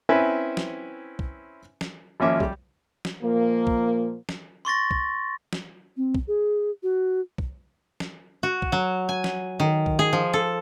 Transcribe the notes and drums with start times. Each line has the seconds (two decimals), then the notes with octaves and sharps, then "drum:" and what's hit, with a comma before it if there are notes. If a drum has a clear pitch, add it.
0.09 C4 C#4 E4 B4 E5 G#5
0.57 drum: snare
1.19 drum: kick
1.81 drum: snare
2.20 G#1 F3 A#3 C#4 E5 D6
2.40 G3 G4, drum: kick
3.05 drum: snare
3.22 A#2 F3 A#3
3.67 drum: kick
4.29 drum: snare
4.65 C6 C#6 A6 A#6
4.91 drum: kick
5.53 drum: snare
5.96 C4
6.15 drum: kick
6.27 G#4
6.83 F#4
7.38 drum: kick
8.00 drum: snare
8.43 F#4
8.62 drum: kick
8.72 F#3
9.09 G#5
9.24 drum: snare
9.60 D#3
9.86 drum: kick
9.99 G#4
10.13 F3
10.34 A4